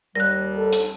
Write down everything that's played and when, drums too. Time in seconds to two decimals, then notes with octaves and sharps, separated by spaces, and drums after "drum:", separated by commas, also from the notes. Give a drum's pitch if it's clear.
0.15 D#2 G3 F#6 A#6
0.57 A4
0.73 drum: hi-hat